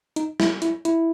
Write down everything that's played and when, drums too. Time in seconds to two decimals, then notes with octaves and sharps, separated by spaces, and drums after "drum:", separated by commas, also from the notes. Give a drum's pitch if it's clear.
0.16 D#4, drum: hi-hat
0.40 E4, drum: snare
0.62 E4, drum: hi-hat
0.85 E4, drum: hi-hat